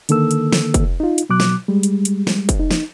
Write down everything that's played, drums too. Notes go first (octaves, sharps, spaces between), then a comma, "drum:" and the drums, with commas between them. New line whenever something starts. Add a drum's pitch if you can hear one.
D3 D#3 A#3 A4 E6, drum: hi-hat
drum: hi-hat
drum: snare
drum: kick, hi-hat
D#4 F4
drum: hi-hat
B2 F#3 D6 F#6
drum: snare
G3 G#3
drum: hi-hat
drum: hi-hat
drum: snare
drum: kick, hi-hat
D#4
drum: snare